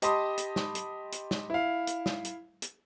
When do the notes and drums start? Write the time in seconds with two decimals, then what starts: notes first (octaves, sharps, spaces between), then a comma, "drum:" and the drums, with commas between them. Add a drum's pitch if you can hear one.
0.02 G4 D#5 A5 B5 C6 D#6, drum: hi-hat
0.37 drum: hi-hat
0.56 drum: snare
0.75 drum: hi-hat
1.12 drum: hi-hat
1.31 drum: snare
1.50 E4 F5
1.87 drum: hi-hat
2.06 drum: snare
2.25 drum: hi-hat
2.62 drum: hi-hat